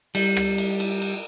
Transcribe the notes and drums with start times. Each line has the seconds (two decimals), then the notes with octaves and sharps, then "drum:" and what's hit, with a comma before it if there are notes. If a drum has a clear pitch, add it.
0.15 G3, drum: cymbal
0.37 drum: rim click
0.58 drum: cymbal
0.80 drum: cymbal
1.02 drum: cymbal